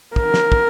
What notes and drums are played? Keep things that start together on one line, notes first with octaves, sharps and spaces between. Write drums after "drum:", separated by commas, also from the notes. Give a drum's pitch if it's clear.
A#4, drum: kick
drum: snare
drum: kick